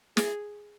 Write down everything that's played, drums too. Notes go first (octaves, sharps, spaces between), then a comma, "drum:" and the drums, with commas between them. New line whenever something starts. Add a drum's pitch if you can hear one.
G#4, drum: snare